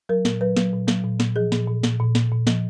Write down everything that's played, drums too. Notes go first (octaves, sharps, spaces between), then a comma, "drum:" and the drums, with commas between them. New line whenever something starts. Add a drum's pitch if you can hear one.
F#3 A#4
A#2, drum: snare
F#3 B4
F#3, drum: snare
A#2
F#3, drum: snare
A#2
A#2, drum: snare
F3 G#4
A#2, drum: snare
A#2
A#2, drum: snare
A#2
A#2, drum: snare
A#2
F3, drum: snare